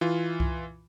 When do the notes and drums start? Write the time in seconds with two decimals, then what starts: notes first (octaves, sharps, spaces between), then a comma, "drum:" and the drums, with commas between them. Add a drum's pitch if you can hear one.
0.01 E3 F4
0.40 drum: kick C2